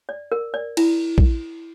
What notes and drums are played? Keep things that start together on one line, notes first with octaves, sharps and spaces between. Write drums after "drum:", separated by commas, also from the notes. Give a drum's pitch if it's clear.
D5
A#4
D5
E4, drum: cymbal
drum: kick